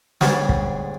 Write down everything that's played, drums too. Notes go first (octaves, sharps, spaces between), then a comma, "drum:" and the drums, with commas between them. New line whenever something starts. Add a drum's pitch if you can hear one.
D2 G#2 G3 B3 C#5, drum: snare
drum: kick